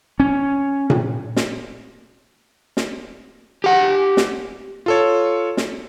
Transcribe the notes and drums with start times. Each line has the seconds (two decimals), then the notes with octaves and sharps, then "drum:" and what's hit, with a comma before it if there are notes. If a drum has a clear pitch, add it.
0.20 C#4
0.90 drum: tom A#2
1.36 drum: snare
2.77 drum: snare
3.64 G4 F#5
4.17 drum: snare
4.86 F4 A4 C#5
5.57 drum: snare